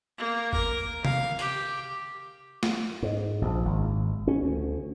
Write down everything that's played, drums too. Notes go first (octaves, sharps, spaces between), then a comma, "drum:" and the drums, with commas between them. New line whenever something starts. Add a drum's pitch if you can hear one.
A#3
A#4, drum: kick G#1
F5, drum: tom C3
G4, drum: hi-hat
drum: snare
G#2
A#1
G#1
C#4
D2